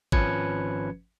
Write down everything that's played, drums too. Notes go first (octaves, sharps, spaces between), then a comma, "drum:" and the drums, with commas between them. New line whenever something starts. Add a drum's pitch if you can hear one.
G#1 F3 C#4 B4 G#6 C#7, drum: kick G#1